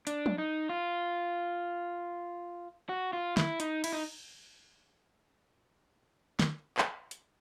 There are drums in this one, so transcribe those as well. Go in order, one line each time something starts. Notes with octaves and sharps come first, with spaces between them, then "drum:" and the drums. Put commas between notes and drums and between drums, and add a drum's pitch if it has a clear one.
D4, drum: hi-hat
drum: tom
D#4
F4
F#4
F4
E4, drum: snare
D#4, drum: hi-hat
E4, drum: cymbal
D#4
drum: snare
drum: clap
drum: hi-hat